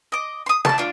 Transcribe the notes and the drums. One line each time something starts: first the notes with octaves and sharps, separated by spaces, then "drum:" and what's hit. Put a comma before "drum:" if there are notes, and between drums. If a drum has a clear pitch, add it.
D#5 D6
C6 D#6
D5 A5, drum: snare
D4 F4